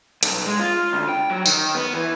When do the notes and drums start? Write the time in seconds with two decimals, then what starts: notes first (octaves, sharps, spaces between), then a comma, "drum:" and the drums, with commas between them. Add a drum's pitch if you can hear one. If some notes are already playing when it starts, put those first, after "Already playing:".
0.23 B1, drum: hi-hat
0.46 G#3
0.59 F4
0.93 D2
1.09 G5
1.30 F#3
1.46 D#3, drum: tambourine
1.75 B3
1.94 E3